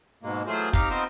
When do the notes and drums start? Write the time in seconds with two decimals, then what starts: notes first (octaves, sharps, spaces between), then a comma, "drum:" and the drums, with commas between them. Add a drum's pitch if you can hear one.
0.23 G#2 B2 G#3 A#3
0.47 E3 F#3 A3 F4 G#4 C5
0.73 C4 D#4 G4 F5 A#5, drum: kick, hi-hat
0.90 B3 C4 D#4 F4 A#4 C5